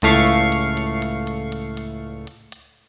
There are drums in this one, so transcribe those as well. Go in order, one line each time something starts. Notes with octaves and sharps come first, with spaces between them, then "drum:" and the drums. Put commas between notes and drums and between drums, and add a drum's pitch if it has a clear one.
C#2 A2 A3 F5 C#6 C7, drum: hi-hat
drum: hi-hat
drum: hi-hat
drum: hi-hat
drum: hi-hat
drum: hi-hat
drum: hi-hat
drum: hi-hat
drum: hi-hat
drum: hi-hat